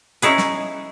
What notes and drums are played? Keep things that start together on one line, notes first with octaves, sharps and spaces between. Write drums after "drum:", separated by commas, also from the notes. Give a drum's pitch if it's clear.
C#4 D#4 E4 G#4 B4, drum: hi-hat
drum: snare